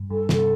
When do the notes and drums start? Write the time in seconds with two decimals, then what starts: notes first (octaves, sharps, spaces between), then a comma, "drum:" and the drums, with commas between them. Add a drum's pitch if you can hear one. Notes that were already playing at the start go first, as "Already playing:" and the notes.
Already playing: G2
0.10 G2 A4
0.29 G2 C3 A4, drum: snare